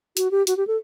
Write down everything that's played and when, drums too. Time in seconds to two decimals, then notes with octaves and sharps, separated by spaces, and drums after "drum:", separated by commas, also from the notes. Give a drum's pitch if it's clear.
0.17 F#4, drum: hi-hat
0.31 G4
0.47 F#4, drum: hi-hat
0.57 G4
0.67 A4